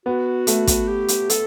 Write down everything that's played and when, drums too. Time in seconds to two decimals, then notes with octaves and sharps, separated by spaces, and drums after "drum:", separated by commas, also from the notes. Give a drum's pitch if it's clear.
0.06 B3 F#4
0.47 A3, drum: hi-hat
0.67 drum: kick, hi-hat
0.88 G4
1.08 drum: hi-hat
1.30 A4, drum: hi-hat